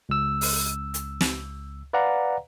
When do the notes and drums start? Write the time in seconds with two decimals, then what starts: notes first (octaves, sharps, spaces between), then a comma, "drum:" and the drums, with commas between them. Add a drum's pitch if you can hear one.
0.09 C#2 E6
0.41 drum: open hi-hat
0.94 drum: hi-hat
1.21 drum: snare
1.93 B4 D5 F5 F#5 A#5